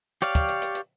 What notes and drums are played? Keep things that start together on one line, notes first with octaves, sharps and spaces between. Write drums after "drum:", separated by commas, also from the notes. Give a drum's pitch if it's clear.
G4 C#5 D5 F5, drum: hi-hat
drum: kick, hi-hat
drum: hi-hat
drum: hi-hat
drum: hi-hat